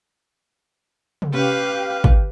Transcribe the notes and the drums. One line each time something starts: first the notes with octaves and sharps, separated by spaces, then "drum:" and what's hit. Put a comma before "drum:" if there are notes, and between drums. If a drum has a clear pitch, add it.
drum: tom C3
C#4 G4 B4 F5 G5
drum: kick